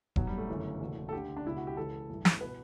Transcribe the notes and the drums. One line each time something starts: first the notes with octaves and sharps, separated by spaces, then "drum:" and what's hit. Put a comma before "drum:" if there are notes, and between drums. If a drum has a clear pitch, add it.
B1 B2 F#3, drum: kick E1
G3
A3
G1 F#2 C#3 E3
F#1 E2 B2
A4
D2 D3 G4
D4
C#2 B2 E4
F#4
G4
C#2 C#3 E3 A4
A1 G2 E3
drum: snare
B2 B4